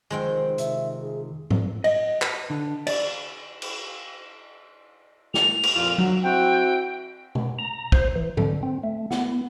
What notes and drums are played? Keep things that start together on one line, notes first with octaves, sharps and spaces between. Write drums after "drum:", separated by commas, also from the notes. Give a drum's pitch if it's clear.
F1 F2 D#3 G#3 C5 G5
C3 E5, drum: hi-hat
G#4
drum: tom G#2
D#5, drum: cymbal
B4, drum: clap
D3
D5, drum: cymbal
drum: cymbal
F7, drum: snare
drum: cymbal
F2 A#2 F4
F#3, drum: tom F#3
C4 E4 F#4 G5
drum: tom B2
A#5
C5, drum: kick
E3
D3, drum: tom G#2
C4
A3
B3, drum: snare